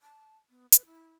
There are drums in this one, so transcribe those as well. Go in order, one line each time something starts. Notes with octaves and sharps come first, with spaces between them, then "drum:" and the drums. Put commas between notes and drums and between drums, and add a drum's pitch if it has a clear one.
A5
B3
B4, drum: hi-hat
E4